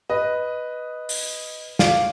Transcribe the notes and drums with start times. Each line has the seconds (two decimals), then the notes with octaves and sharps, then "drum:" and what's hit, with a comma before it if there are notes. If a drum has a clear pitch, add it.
0.09 B4 D#5
1.09 drum: open hi-hat
1.79 D5 F5, drum: snare